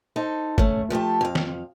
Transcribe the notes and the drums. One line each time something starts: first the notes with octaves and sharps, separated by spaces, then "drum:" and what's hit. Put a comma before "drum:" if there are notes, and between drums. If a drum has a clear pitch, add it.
D#4 A4 C5
A3 C#4, drum: kick
F3 A3 G4 A4
F2 F5
drum: snare